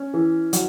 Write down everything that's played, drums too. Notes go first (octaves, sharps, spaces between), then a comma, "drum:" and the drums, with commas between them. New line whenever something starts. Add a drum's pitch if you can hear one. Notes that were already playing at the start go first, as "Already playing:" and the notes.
Already playing: C#4
E3
F#3, drum: hi-hat